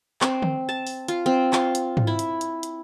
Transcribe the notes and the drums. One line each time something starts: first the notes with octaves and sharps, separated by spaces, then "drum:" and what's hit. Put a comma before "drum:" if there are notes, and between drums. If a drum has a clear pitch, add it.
C4, drum: clap
drum: tom D3
A5
drum: open hi-hat
F4, drum: hi-hat
C4
F4, drum: clap
drum: hi-hat
drum: tom G#2
E4
drum: hi-hat
drum: hi-hat
drum: hi-hat